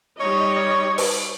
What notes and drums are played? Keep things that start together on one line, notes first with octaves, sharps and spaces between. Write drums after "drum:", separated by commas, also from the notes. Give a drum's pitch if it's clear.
G3 D#4 C#5 D#5
drum: open hi-hat